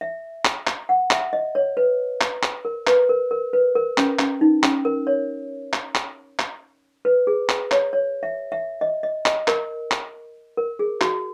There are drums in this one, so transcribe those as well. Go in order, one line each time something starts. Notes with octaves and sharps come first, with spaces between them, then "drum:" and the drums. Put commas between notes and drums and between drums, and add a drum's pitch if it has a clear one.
E5
drum: clap
drum: clap
F#5
E5, drum: clap
D#5
C#5
B4
drum: clap
drum: clap
A#4
B4, drum: clap
A#4
A#4
B4
A#4
C#4, drum: clap
C#4, drum: clap
D#4
C#4, drum: clap
A#4
C#5
drum: clap
drum: clap
drum: clap
B4
G#4
drum: clap
C#5, drum: clap
C#5
E5
E5
D#5
D#5
D#5, drum: clap
A#4, drum: clap
drum: clap
A#4
G#4
F#4, drum: clap